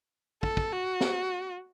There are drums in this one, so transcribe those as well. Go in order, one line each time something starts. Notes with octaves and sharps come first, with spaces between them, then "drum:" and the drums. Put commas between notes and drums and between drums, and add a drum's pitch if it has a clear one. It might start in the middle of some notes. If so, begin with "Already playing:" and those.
A4, drum: kick
drum: kick
F#4
drum: snare